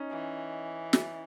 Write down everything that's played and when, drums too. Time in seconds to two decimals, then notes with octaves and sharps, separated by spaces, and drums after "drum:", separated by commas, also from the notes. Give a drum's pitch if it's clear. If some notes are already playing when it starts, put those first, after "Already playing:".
Already playing: C#4 D#4
0.11 E3
0.93 drum: snare